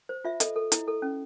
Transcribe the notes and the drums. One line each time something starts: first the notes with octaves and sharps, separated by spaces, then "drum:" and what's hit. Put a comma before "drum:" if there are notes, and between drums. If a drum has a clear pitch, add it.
C5
F4 E5
A4 D#5, drum: hi-hat
A4
E4, drum: hi-hat
A4
C#4